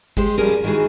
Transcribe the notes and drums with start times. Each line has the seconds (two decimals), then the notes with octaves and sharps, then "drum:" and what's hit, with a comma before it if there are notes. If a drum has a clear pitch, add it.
0.17 G#3 G4 C5, drum: kick, hi-hat
0.38 F3 G3 C#4 G#4 A#4
0.64 D#3 E3 G#3 F#4 G#4